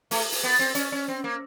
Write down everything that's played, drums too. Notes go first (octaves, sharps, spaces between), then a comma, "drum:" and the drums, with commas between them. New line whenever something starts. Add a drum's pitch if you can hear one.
A3, drum: open hi-hat
drum: open hi-hat
B3
C4
C#4, drum: hi-hat
C#4
C4
A#3